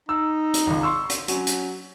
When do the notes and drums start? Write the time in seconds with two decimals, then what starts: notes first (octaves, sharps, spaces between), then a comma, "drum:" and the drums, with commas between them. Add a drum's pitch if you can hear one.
0.09 D#4 E6
0.54 drum: hi-hat
0.67 G#1 C#2
0.83 C6 C#6 E6
1.10 drum: hi-hat
1.28 F#3 C#4, drum: hi-hat
1.47 drum: hi-hat